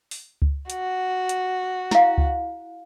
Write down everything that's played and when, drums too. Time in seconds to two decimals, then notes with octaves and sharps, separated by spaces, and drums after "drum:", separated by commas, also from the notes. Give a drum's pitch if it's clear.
0.11 drum: open hi-hat
0.42 drum: kick C#2
0.70 F#4, drum: hi-hat
1.29 drum: hi-hat
1.91 E4 F5, drum: snare
2.18 drum: kick C#2